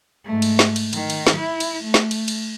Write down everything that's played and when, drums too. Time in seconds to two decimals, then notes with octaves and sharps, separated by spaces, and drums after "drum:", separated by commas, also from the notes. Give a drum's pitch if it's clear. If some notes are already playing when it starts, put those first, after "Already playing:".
0.24 G#2 A3
0.42 drum: cymbal
0.59 drum: snare
0.76 drum: cymbal
0.93 D#3, drum: cymbal
1.10 drum: cymbal
1.27 drum: snare
1.36 E4
1.60 drum: cymbal
1.84 A3
1.94 drum: snare
2.11 drum: cymbal
2.28 drum: cymbal